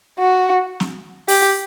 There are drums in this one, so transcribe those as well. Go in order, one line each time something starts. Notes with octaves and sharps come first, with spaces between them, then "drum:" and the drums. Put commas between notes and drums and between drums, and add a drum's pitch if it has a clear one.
F#4
drum: snare
G4, drum: open hi-hat